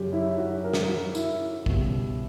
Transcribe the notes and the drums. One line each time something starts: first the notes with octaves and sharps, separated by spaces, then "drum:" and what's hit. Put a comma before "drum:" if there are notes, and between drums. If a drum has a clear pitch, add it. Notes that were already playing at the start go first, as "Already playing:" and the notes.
Already playing: F#2 C#3 F#3 G4
E4
F#4
A#4
drum: snare
F#4
E4, drum: tambourine
C#2 B2 G3, drum: kick